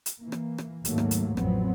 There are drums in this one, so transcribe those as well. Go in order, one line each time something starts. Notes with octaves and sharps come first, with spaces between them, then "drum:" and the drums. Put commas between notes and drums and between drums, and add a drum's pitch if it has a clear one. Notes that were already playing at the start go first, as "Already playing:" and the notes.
drum: hi-hat
E3 A#3
drum: rim click
drum: rim click
D#2 G#2 F#3 A3 A#3, drum: hi-hat
drum: rim click
drum: hi-hat
A1 F2 F#3 B3 C4, drum: rim click